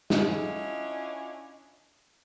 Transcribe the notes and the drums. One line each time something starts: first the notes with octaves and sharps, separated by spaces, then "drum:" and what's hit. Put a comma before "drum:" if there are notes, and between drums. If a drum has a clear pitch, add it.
C#4 D4 E4 F4 D#5, drum: snare